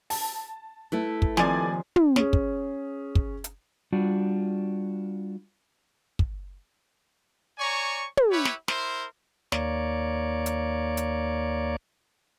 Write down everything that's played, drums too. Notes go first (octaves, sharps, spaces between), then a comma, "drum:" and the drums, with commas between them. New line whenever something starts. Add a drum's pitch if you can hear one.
A5, drum: open hi-hat
A3 E4 B4
drum: kick
D#2 C3 F3 D5 G#5, drum: snare
drum: tom
C#4 G#4, drum: snare
drum: kick
drum: kick
drum: hi-hat
G3 D4 F4 F#4
drum: kick
C#5 D5 G#5 A#5 C#6
drum: tom
E4 G4 B4 C#5
drum: snare
E4 A#4 C5 C6, drum: snare
D#2 A#3 C#5 D5, drum: snare
drum: hi-hat
drum: hi-hat